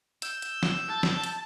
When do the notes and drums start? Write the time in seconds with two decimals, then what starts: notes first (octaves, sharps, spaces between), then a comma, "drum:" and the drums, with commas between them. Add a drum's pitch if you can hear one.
0.22 E6 G6, drum: hi-hat
0.42 drum: hi-hat
0.63 drum: snare
0.89 A5
1.03 drum: snare
1.23 drum: hi-hat